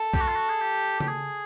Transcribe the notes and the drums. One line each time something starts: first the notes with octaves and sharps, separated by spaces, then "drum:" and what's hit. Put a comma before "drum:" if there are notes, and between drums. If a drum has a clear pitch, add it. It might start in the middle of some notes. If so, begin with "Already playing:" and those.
Already playing: A4
G4, drum: kick
F#4
F4
F#4
G#4
G4
G4, drum: tom C#3
G#4